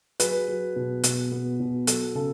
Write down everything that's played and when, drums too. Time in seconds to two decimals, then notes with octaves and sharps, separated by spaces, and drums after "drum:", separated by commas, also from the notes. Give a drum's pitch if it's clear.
0.20 F#3 G#4 B4, drum: hi-hat
0.48 F#3
0.76 B2
1.04 B2, drum: hi-hat
1.32 B3
1.60 B2
1.87 F#3 A4, drum: hi-hat
2.15 C#3 A4